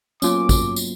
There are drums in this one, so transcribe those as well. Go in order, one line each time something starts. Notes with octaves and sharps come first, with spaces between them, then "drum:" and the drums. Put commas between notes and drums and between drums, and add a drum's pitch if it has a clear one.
F#3 A#3 B3 C#4 F4 D6, drum: tambourine
drum: kick, tambourine
drum: tambourine